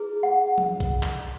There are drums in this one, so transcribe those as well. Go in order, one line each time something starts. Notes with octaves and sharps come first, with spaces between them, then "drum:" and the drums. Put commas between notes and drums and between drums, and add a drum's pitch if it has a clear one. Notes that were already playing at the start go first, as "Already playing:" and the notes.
Already playing: E4 G#4 B4
F#5
drum: tom F3
drum: kick A#1, hi-hat
drum: clap